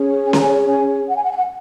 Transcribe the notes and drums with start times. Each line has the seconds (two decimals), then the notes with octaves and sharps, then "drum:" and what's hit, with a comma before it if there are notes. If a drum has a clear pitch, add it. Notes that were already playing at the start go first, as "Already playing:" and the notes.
Already playing: C#4 G#4 C#5
0.26 G#5
0.33 A#5, drum: snare C#4
0.41 G#5
0.67 G#5
1.08 F#5
1.16 G#5
1.23 F#5
1.30 G#5
1.36 F#5